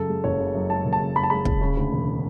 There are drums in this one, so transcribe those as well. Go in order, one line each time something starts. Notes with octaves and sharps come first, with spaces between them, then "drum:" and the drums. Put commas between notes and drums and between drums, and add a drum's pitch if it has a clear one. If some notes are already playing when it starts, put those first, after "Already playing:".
Already playing: F#2 C#3 A4
G#3
F#1 C#5
C#3
F#2
G#3 A5
F#1
A5
C#3
F#2 B5
A5
G#3 B5
F#1, drum: kick
C#3
D2
E1